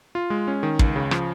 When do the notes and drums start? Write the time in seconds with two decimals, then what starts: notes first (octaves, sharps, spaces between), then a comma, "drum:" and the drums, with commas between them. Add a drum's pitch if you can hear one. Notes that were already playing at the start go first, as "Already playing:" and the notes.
0.15 F4
0.30 G#3
0.48 C#4
0.63 D#3
0.79 C#2, drum: kick
0.96 C#3
1.11 F3, drum: rim click